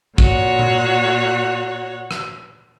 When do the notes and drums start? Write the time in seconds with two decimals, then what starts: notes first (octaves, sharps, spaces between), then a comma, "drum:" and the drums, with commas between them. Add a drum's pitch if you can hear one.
0.18 A#2 F#4 C#5 F#5, drum: kick
0.59 drum: tom A#2
2.11 drum: rim click